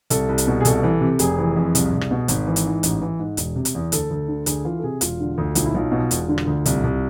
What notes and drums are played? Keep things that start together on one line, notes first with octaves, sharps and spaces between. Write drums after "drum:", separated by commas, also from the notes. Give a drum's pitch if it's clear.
C2 A4, drum: hi-hat
C2
drum: hi-hat
B2
G#4
C2 A4, drum: hi-hat
E3
C3
F1 G#4, drum: hi-hat
E3
F2
C2, drum: hi-hat
C2
drum: rim click
B2
G#1, drum: hi-hat
E3
drum: hi-hat
G#2
A1, drum: hi-hat
E3
G#2
E1, drum: hi-hat
C3
drum: hi-hat
E2
D2 A4, drum: hi-hat
D2
D3
D2 G#4, drum: hi-hat
E3 F4
A4
C3 G#4
E1 F4, drum: hi-hat
D3
D2
B1 F4, drum: hi-hat
E4
B1 F4
B2
E1, drum: hi-hat
D3
drum: rim click
D2
C2, drum: hi-hat
C2